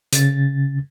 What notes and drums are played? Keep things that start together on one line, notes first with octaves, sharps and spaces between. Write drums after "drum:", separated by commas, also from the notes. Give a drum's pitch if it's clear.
C#3 A6, drum: hi-hat